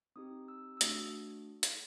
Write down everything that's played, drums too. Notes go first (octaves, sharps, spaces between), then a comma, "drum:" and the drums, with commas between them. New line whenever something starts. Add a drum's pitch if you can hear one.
C4 D#4 G4 D#6
E6
E6
A3 D4 F#4 D#6, drum: hi-hat
drum: hi-hat